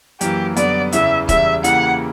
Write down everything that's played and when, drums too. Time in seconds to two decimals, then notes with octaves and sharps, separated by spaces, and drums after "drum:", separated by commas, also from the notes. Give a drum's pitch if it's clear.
0.21 F#2 E3 A#3 G4, drum: hi-hat
0.56 F#2 D3 G3 B3 D5, drum: hi-hat
0.92 E2 C#3 E3 E5, drum: hi-hat
1.29 E2 C#3 G3 E5, drum: kick, hi-hat
1.64 C#3 E3 A#3 E4 G4 F#5, drum: hi-hat